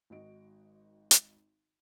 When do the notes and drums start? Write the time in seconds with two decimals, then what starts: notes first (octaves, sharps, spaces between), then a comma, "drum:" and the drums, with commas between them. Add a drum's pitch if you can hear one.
0.10 G#1 D#3 F#4 D#5 D7
1.11 drum: hi-hat